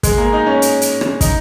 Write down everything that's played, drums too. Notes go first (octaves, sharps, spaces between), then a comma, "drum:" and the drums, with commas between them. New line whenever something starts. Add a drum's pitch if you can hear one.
G#3, drum: kick, hi-hat
A#3
D#4
C#4
drum: hi-hat
drum: hi-hat
drum: rim click
D#4, drum: kick, hi-hat